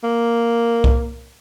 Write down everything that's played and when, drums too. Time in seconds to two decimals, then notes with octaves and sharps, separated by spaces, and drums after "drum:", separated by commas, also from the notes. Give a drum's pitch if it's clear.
0.04 A#3
0.84 drum: kick C2